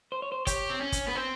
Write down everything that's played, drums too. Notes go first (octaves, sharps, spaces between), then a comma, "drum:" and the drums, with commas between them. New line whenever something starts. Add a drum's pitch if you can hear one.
C5
C#5
C5
G4 C#5, drum: kick, hi-hat
C4
C#4
drum: kick, hi-hat
B3 B4
C4 C5